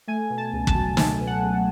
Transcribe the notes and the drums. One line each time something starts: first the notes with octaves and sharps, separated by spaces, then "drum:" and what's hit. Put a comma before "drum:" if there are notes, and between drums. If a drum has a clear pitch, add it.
A3 G#5
B2
A5
C#2
A5, drum: kick
F#3
A3 A5, drum: snare
B2
F#5
C#2